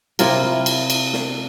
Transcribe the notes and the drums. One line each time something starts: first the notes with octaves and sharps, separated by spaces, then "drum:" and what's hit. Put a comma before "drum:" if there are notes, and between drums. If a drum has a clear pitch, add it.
C3 E4 F4 A#4, drum: cymbal
drum: cymbal
drum: cymbal
drum: snare